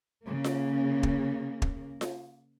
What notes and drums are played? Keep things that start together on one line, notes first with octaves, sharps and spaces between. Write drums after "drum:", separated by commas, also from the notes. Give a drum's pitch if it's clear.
C#3 A#3
drum: snare F4
drum: kick
drum: kick
drum: snare F4